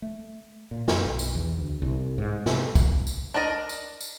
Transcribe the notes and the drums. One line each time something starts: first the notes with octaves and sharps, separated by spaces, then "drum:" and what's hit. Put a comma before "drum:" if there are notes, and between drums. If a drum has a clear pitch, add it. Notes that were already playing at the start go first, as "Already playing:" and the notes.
A3
A#2
F#2, drum: snare
B1
drum: tambourine
E2
D2
C2
G#2
C3, drum: snare
drum: kick, tambourine
drum: tambourine
D4 A#4 D5 D#5
drum: tambourine
drum: tambourine